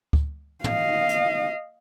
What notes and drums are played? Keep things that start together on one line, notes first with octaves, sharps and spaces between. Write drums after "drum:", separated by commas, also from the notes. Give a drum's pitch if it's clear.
drum: kick D2
D#5 F5, drum: tom
drum: hi-hat